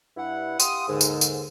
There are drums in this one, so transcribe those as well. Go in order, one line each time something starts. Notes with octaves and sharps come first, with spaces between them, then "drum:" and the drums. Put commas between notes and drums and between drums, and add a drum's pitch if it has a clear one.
G2 E4 F#5
G4 F5 F#5 C6 D#6, drum: tambourine
D#2 G#2 D3
drum: tambourine
drum: tambourine